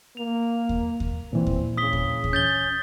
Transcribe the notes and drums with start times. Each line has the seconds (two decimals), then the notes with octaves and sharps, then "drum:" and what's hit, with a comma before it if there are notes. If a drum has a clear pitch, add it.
0.17 A#3 F7
0.69 drum: kick D#2
1.00 drum: kick D#2
1.33 A#2 E3 C4
1.47 drum: kick D#2
1.77 C#3 D#6 B6 G7
1.93 drum: kick D#2
2.24 drum: kick D#2
2.33 C#4 G6 A6 G7